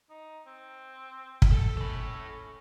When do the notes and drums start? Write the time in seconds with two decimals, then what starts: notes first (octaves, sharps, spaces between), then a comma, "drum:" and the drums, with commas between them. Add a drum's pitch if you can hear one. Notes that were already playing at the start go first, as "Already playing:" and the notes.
0.10 D#4
0.47 C4
1.42 drum: kick
1.52 A4
1.77 C#4 A4 B5